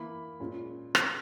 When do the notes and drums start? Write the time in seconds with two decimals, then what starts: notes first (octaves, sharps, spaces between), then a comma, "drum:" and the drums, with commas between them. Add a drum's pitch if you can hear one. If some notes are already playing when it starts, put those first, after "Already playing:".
Already playing: E3 A#3 E4 B5
0.40 A#2 G#3 C#4
0.95 drum: rim click